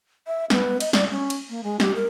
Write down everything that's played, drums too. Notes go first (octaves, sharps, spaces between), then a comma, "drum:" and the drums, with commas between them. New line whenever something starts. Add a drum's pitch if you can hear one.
E5
B3, drum: snare
D#5, drum: cymbal
D5, drum: snare
C#4
drum: cymbal
A#3
G#3
G4, drum: snare
A#4